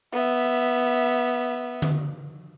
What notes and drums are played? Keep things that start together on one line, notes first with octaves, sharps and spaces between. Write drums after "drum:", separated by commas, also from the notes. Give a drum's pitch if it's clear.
B3 E5
drum: tom D3